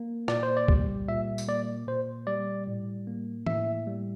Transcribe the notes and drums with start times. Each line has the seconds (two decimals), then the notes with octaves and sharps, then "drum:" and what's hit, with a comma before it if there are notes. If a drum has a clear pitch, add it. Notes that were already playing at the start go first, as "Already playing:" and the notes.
Already playing: A#3
0.28 A#2 D5, drum: rim click
0.43 C5
0.57 D5
0.68 G3, drum: kick C2
1.08 A#2 E5
1.38 drum: tambourine
1.48 A#3 D5
1.87 A#2 C5
2.27 G3 D5
2.67 A2
3.07 A#3
3.47 A2 E5, drum: tom E3
3.87 G3